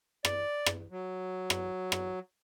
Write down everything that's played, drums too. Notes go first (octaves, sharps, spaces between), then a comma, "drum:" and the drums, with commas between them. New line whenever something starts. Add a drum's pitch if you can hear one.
D5, drum: rim click
drum: rim click
F#3
drum: rim click
drum: rim click